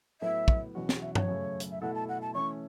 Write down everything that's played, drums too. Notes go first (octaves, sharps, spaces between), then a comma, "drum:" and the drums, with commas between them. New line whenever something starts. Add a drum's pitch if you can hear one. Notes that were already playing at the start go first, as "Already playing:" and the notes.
A2 F#3 B3 A4 E5
drum: kick
E2 B2 F#3 C#4 F#4
drum: snare
E5
C#5, drum: tom G2
F#2 C#3 A3
drum: hi-hat
E5
B2 A3 E4 A4 F#5
A5
F#5
A5
E3 A3 C#4 C#6